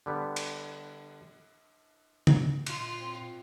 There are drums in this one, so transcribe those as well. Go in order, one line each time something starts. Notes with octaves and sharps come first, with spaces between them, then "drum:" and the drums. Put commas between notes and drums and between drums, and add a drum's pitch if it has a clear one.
D3 G3 B3
drum: cymbal
drum: tom
A#2 F4 C6, drum: cymbal
C4